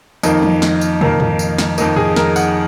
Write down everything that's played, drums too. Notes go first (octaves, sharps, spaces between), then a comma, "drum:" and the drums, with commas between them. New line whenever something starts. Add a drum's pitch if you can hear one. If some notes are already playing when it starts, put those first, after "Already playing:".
F2 D#3 A#3 D#4, drum: tambourine
drum: tom
drum: snare
drum: tambourine
F2 D#3 A#3, drum: tom
drum: tom
drum: tambourine
drum: snare
F2 D#3 A#3 D#4, drum: tambourine
G#4, drum: tom G#2
A#4, drum: snare
F#5, drum: tambourine